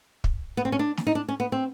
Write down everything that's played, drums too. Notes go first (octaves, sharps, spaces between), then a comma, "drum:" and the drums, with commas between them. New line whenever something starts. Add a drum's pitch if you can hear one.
drum: kick
B3
C4
C#4
D4
drum: snare
D#4
D4
C#4
B3
C4